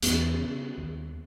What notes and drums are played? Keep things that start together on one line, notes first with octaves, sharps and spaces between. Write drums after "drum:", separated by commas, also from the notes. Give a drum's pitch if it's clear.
E2 B3, drum: hi-hat
C#3
D#2